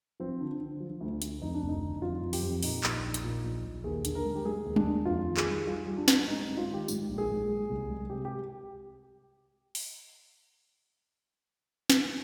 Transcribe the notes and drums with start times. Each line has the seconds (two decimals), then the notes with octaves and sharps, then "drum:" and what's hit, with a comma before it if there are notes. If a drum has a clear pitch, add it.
0.20 F3 C4
0.40 D3
0.61 D3
0.80 F3
1.01 D2
1.22 D2, drum: hi-hat
1.42 F2 D#4
1.54 D4
1.62 F1
1.69 D#4
1.82 D3
2.02 F2 F4
2.22 F2
2.33 G4, drum: open hi-hat
2.42 F2
2.63 A#2 D#4, drum: open hi-hat
2.83 A#1, drum: clap
3.04 A#1
3.14 drum: hi-hat
3.24 A#2
3.44 A#1
3.65 A#1
3.84 D#2 G#4
4.05 D3, drum: hi-hat
4.15 A#4
4.25 G#3
4.36 G4
4.45 G#3 G#4
4.66 D#2
4.76 D4, drum: tom
4.86 G#3
5.05 F2 F4
5.27 D#3
5.37 G#4, drum: clap
5.47 G3
5.67 G3 F4
5.86 G3
5.97 D4
6.08 G3, drum: snare
6.28 G#2 D#4
6.42 D#4
6.48 G#2
6.57 F4
6.69 D#3
6.74 G4
6.88 G#2, drum: tambourine
7.09 A#1
7.18 G#4
7.29 G#2
7.49 G#3
7.69 C2
7.90 G#3
8.10 C3 G4
8.25 G4
9.75 drum: open hi-hat
11.90 drum: snare